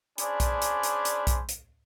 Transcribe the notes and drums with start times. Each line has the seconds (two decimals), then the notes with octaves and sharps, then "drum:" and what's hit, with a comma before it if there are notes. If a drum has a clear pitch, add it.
0.18 C#4 D4 G#4 C5 D5 B5, drum: hi-hat
0.40 drum: kick B1, hi-hat
0.62 drum: hi-hat
0.83 drum: hi-hat
1.05 drum: hi-hat
1.27 drum: kick B1, hi-hat
1.49 drum: hi-hat